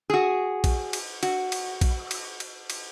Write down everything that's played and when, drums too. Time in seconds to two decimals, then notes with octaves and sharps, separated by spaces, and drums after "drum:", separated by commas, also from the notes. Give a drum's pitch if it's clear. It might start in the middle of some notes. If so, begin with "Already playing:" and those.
0.10 F#4 G#4
0.64 drum: kick A#1, cymbal
0.93 drum: cymbal
1.23 F#4, drum: cymbal
1.52 drum: cymbal
1.81 drum: kick A#1, cymbal
2.11 drum: cymbal
2.40 drum: cymbal
2.70 drum: cymbal